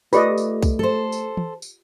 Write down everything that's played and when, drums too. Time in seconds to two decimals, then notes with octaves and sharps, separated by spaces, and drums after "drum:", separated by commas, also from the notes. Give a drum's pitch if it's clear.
0.13 A3 F4 G4 B4 D5 D#5, drum: tambourine
0.38 drum: tambourine
0.63 drum: kick C2, tambourine
0.79 A4 C5
1.12 drum: tambourine
1.37 drum: tom
1.62 drum: tambourine